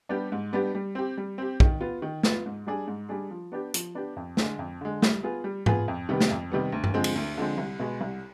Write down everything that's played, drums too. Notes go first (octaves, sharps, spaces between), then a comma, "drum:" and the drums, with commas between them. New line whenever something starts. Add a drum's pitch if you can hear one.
G3 B3 D4 G4
G#2
G3 B3 D4 G4
G3
C4 G4
G3
C4 G4
D#3, drum: kick
B3 F4
D#3
B3 F4, drum: snare
G#2
G3 D4 G#4
G#2
G3 D4 G#4
F3
B3 D4 G4
F3, drum: hi-hat
B3 D4 G4
F2
D3 G#3, drum: snare
F2
D3 G#3
G3, drum: snare
B3 F4 G#4
G3
B3 F4 G#4, drum: tom G#2
F2
C3 D#3 G3 B3
drum: snare
F2
C3 D#3 G3 B3
D2
drum: tom G2
D3 F3 G#3 C4
drum: cymbal
D2
D3 F3 G#3 C4
C2
B2 G#3 B3
C2